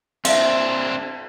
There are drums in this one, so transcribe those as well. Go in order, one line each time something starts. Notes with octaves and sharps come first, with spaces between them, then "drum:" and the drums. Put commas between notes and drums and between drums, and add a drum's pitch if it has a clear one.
C4 D4 E5 F5, drum: cymbal